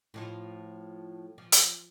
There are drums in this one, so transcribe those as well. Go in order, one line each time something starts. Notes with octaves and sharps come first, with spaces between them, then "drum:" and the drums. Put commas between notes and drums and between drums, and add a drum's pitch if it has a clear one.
A2 F3 F4
F3
drum: hi-hat